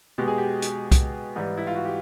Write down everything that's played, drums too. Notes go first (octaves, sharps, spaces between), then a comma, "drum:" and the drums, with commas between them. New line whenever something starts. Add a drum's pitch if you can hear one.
B2 G#3 G4
G#4
G4
drum: hi-hat
drum: kick C2, hi-hat
G#2 E3 G3
E4
F4
F#4
G4